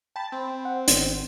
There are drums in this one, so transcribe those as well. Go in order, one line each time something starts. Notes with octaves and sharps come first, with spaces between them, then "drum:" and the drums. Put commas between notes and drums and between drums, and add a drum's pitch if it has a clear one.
G5 A5 B5
C4
F#5
G#1 D#3, drum: hi-hat